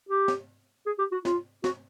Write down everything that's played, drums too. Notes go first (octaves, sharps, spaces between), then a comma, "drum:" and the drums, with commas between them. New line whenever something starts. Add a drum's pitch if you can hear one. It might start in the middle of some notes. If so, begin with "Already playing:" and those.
G4
drum: snare
G#4
G4
F#4
F4, drum: snare
F#4, drum: snare